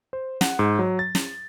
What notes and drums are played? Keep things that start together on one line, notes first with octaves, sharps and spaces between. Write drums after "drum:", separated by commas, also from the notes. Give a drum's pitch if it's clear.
C5
F#5, drum: snare
G#2
F#3
A6
drum: snare